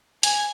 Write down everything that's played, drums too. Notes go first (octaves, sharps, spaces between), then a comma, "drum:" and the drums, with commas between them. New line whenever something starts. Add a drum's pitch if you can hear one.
G#5, drum: hi-hat